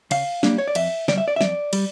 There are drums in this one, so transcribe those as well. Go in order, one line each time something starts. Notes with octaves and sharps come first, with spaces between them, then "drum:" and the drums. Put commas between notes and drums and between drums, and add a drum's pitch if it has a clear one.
C#3 F5, drum: cymbal
G3 A#3 D4, drum: snare
C#5
D5
F2 E5, drum: cymbal
C#3 G3 D5, drum: snare
E5
D5
E5
F2 D5, drum: snare
G3, drum: cymbal